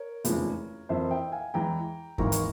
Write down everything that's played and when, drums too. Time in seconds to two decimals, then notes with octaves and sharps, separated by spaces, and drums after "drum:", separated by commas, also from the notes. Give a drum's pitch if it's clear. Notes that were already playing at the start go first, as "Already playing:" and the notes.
Already playing: A#4 C#5
0.25 F1 E2 C#3 F3 G#3, drum: hi-hat
0.89 F2 E3 A#3 C5 E5
1.11 E5 G5
1.32 F5 G#5
1.54 E2 E3 G#3 G5 A#5
2.18 G#1 G#2 E3 A#3 A#5 C#6, drum: kick D#2
2.32 C#6, drum: hi-hat